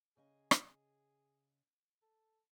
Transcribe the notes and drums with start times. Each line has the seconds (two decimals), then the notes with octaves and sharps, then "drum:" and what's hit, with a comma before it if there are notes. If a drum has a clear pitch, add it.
0.17 C#3 G#4 D#5 G#5
0.51 drum: rim click
2.02 A4